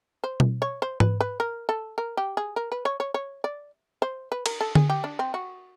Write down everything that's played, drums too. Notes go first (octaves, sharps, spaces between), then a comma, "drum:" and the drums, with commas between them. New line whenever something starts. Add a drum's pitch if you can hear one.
C5
drum: tom B2
C#5
C5
B4, drum: tom G#2
B4
A#4
A4
A#4
G4
G#4
A#4
B4
C#5
C#5
C#5
D5
C5
B4
A#4, drum: cymbal
A4
G#4, drum: tom D3
G4
D4
C4
F#4